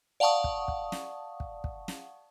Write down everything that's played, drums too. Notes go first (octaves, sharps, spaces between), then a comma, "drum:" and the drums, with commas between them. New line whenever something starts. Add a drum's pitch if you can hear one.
D5 F5 F#5 A5 C#6 D#6
drum: kick
drum: kick
drum: snare
drum: kick
drum: kick
drum: snare